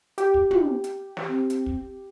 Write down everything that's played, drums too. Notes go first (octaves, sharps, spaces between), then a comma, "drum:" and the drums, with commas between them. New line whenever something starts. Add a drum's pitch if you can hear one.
G4, drum: hi-hat
drum: kick
drum: tom
drum: hi-hat
drum: snare
C4
drum: hi-hat
drum: kick